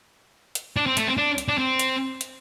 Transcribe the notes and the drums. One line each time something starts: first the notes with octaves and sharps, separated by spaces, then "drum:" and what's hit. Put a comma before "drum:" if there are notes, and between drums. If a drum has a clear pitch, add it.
drum: hi-hat
D4
C4
A3, drum: hi-hat
C4
D4
drum: hi-hat
D4
C4
drum: hi-hat
drum: hi-hat